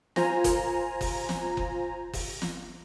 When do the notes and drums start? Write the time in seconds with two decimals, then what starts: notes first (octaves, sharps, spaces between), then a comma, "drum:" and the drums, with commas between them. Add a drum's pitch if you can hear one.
0.16 F4 C5 G#5 A#5, drum: snare
0.44 drum: kick F#1, hi-hat
1.01 drum: kick F#1, open hi-hat
1.29 drum: snare
1.57 drum: kick F#1
2.13 drum: kick F#1, open hi-hat
2.42 drum: snare